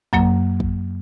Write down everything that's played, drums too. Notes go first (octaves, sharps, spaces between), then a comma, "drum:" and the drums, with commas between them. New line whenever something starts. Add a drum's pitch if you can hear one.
F#2 F#3 A#3, drum: kick
drum: kick